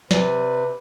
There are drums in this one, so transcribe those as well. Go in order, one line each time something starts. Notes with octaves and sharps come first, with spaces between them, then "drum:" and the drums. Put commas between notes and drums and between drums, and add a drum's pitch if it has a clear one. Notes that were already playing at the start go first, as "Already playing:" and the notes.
C3 B4 D5 G#5, drum: snare